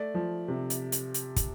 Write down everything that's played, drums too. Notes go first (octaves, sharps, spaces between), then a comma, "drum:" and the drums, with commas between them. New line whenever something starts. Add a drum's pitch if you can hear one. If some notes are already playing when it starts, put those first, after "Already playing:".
Already playing: A3 D5
F3
C3
drum: hi-hat
drum: hi-hat
drum: hi-hat
drum: kick, hi-hat